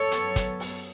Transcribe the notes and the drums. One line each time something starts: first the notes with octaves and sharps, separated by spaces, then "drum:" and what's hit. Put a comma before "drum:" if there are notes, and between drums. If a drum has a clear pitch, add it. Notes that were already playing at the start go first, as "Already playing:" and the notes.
Already playing: A4 C#5
F#2 F#3 B3, drum: hi-hat
drum: kick, hi-hat
drum: open hi-hat